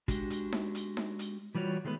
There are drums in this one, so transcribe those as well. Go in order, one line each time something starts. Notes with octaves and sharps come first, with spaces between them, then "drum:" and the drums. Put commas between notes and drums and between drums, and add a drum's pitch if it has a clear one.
G#3 D4 F#4 G4, drum: kick, hi-hat
drum: hi-hat
drum: snare D#4
drum: hi-hat
drum: snare D#4
drum: hi-hat
E3 G3 F4 F#4 C#5
D#3 G#3 A3 B3 B4